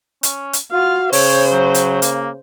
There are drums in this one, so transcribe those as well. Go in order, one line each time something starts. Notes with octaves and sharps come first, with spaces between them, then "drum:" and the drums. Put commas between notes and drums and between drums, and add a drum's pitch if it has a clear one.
C#4, drum: hi-hat
drum: hi-hat
F4 F#4 F5
C#3 C5 C#5, drum: open hi-hat
F#3
drum: hi-hat
A#3, drum: hi-hat